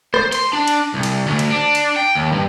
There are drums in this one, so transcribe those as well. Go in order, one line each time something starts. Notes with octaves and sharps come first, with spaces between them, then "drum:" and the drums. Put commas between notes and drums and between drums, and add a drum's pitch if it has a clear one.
C5, drum: rim click
C6, drum: cymbal
D4
drum: cymbal
C2
drum: cymbal
D2
drum: cymbal
D4
drum: cymbal
G5
D#2
G2